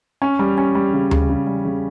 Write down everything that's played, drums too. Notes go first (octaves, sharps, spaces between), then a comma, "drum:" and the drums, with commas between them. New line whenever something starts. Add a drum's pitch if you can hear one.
C#4
G3
C#4
G3
C#3
C#3, drum: tom D2
C#3
G3
C#3